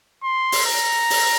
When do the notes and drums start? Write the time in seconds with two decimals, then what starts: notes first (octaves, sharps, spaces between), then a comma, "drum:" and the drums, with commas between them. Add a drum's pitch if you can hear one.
0.24 C6
0.52 drum: open hi-hat
0.66 A#5
1.10 drum: open hi-hat